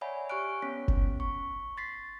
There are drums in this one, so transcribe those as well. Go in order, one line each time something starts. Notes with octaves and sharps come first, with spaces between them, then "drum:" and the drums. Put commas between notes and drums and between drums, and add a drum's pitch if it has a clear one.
C#5 D5 E5 F#5 G#5 B5
G4 G#5 C#6 F6 F#6 D7
B3 C#4 C#5 B6
drum: kick F#1
C#6
C6 A6 B6 C7